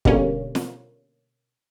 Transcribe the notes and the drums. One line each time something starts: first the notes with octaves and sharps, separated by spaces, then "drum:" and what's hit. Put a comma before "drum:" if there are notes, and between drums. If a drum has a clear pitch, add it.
B2 D3 G3 A#3 C#4, drum: kick
drum: snare